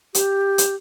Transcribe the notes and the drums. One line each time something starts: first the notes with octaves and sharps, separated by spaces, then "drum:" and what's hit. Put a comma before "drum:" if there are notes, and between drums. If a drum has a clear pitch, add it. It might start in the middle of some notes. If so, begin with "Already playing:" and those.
G4, drum: hi-hat
drum: hi-hat